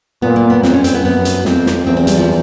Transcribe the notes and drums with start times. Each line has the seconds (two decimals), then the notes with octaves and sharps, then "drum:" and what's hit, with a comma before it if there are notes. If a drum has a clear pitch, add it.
0.22 A#2 B3
0.36 A#3
0.50 B3
0.63 F2 C4, drum: snare
0.74 C#4
0.84 C4, drum: hi-hat
0.94 B3
1.05 F#2 B3
1.25 drum: hi-hat
1.45 F2 C4, drum: snare
1.66 drum: snare
1.86 E2 C4
1.97 C4
2.07 G3, drum: hi-hat
2.17 F3